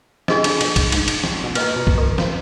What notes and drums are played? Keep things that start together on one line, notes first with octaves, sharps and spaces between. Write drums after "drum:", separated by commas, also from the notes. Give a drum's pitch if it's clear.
F3 D4 G#4 D#5, drum: snare
D3, drum: cymbal
B2, drum: cymbal
drum: kick, cymbal
G#2, drum: cymbal
drum: cymbal
drum: snare
B2
A#2 B4 D#5 A#5, drum: cymbal
B2
drum: kick
D#3
F3, drum: snare